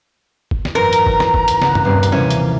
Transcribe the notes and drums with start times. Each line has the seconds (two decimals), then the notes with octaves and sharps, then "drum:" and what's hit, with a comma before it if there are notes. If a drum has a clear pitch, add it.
0.51 drum: kick F#1
0.65 drum: snare
0.75 G#1 F#2 E3 A#4 A#5 C6
0.93 drum: hi-hat
1.06 drum: kick F#1
1.20 drum: snare
1.34 drum: kick F#1
1.48 drum: hi-hat
1.62 C#2 B3 F#5, drum: snare
1.75 drum: tom
1.85 D#1 G2 C3 A#3 C7
2.03 drum: hi-hat
2.12 C3 E3 F3 A#3 C#4 E4 C5
2.31 drum: hi-hat